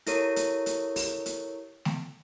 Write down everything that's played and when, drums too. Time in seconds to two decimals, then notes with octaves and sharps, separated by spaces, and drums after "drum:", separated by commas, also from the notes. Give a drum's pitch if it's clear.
0.07 E4 G4 A4 A#4 C#5, drum: hi-hat
0.36 drum: hi-hat
0.66 drum: hi-hat
0.96 drum: open hi-hat
1.26 drum: hi-hat
1.85 drum: snare A3